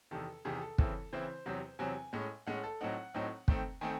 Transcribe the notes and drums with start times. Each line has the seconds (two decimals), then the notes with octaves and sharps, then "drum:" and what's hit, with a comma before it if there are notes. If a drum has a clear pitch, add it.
0.11 E2 C3 D#3 A4
0.45 E2 C3 D#3 G#4
0.62 A4
0.78 C#3 E3 C4 E4 A4, drum: kick
1.13 C#3 E3 C4 E4 C5
1.46 E2 C3 F#3 C4
1.79 E2 C3 F#3 C4 G#5
2.13 A2 G#3 C#4
2.47 A2 G#3 C#4 F#5
2.64 A4
2.81 A2 F#3 C4 D#4 F#5
3.14 A2 F#3 C4 D#4
3.48 D#3 A3 C4, drum: kick
3.81 D#3 A3 C4 G#5